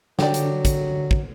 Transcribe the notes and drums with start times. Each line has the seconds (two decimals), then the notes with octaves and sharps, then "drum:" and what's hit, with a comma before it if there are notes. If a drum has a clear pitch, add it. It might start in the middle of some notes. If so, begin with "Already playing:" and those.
0.19 D3 F#3 G4 D5, drum: snare
0.34 drum: hi-hat
0.65 drum: kick, hi-hat
1.11 drum: kick